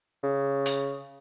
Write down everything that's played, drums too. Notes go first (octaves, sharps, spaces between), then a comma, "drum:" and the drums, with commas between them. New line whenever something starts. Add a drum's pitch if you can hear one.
C#3
drum: hi-hat